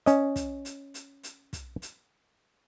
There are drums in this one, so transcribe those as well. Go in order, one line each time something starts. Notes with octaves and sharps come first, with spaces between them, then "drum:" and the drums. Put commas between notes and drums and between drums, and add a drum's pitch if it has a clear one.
C#4 D#5, drum: hi-hat
drum: kick, hi-hat
drum: hi-hat
drum: hi-hat
drum: hi-hat
drum: kick, hi-hat
drum: hi-hat